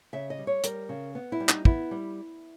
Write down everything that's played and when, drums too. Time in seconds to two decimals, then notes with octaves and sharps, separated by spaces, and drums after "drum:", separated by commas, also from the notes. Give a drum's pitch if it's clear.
0.13 C#3 E5
0.30 D#5
0.38 G3
0.47 C#5
0.64 G3 A#4, drum: hi-hat
0.89 C#3
1.15 B3
1.32 E4
1.40 G3
1.49 D#4, drum: clap
1.65 B3 E4, drum: kick
1.91 G3